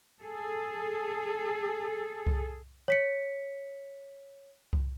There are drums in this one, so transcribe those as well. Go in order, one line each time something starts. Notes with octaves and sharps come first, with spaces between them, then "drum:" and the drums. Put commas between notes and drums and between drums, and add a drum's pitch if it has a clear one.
G#4 A4
drum: kick C2
C#5 B6 C#7
drum: kick C2